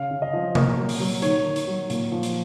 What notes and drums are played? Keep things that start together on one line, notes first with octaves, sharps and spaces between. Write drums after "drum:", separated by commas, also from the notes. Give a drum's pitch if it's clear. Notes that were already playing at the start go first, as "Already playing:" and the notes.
Already playing: C#3 F5
C#3
D#5
F3
A#2 A#4, drum: tom C3
F#3
drum: open hi-hat
F#3
D#3 C#5, drum: hi-hat
D#3
drum: hi-hat
F#3
A#2, drum: hi-hat
F3
drum: hi-hat